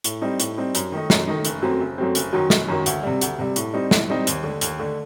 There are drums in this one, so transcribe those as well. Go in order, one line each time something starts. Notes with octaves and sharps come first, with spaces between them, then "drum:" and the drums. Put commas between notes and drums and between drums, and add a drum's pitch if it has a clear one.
A2, drum: hi-hat
G3 C4 D#4
A2, drum: hi-hat
G3 C4 D#4
F#2, drum: hi-hat
D#3 A3 D#4
F#2, drum: snare
D#3 A3 D#4
F#1, drum: hi-hat
F#2 F#3 A3 C4
F#1
F#2 F#3 A3 C4
F#1, drum: hi-hat
F#2 D#3 F#3
F#1, drum: snare
F#2 D#3 F#3
D2, drum: hi-hat
C3 G3
D2, drum: hi-hat
C3 G3
A2, drum: hi-hat
G3 C4 D#4
A2, drum: snare
G3 C4 D#4
D#2, drum: hi-hat
D3 A3
D#2, drum: hi-hat
D3 A3